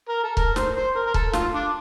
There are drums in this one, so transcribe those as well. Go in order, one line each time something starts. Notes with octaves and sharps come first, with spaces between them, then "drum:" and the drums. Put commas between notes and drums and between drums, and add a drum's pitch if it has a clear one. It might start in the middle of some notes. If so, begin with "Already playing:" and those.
A#4
A4
A#4, drum: kick C#1
C5, drum: snare
C5
A#4
A#4
A4, drum: kick C#1
F4, drum: snare
D4